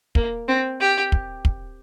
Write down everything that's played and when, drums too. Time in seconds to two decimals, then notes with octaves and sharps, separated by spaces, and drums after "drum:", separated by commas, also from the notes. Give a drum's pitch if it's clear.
0.15 A#3, drum: kick
0.48 C4
0.80 G4
1.12 drum: kick
1.45 drum: kick